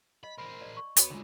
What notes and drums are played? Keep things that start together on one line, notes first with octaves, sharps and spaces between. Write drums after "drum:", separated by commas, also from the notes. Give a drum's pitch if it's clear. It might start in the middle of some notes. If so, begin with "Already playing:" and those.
D#5 B5
A#4 C5 B5
D5 D#5
C#6
B3 F#4 C#5 D#6, drum: hi-hat
D3 G#3 C#4 F4